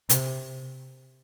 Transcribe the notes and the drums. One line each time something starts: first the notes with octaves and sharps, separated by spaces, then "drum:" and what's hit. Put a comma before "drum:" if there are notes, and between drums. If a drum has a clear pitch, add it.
C3, drum: hi-hat